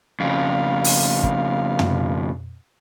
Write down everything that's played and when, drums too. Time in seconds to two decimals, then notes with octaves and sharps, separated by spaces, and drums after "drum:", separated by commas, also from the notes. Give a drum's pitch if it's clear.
0.20 F2 C#3 F5
0.84 drum: open hi-hat
1.23 drum: kick
1.79 drum: tom